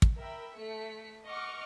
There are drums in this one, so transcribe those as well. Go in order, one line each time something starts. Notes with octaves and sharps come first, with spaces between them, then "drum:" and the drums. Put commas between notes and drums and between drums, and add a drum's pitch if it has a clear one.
drum: kick
A#4 E5 G5 B5
A3 B6 C#7
D#5 F#5 C#6 D6 F6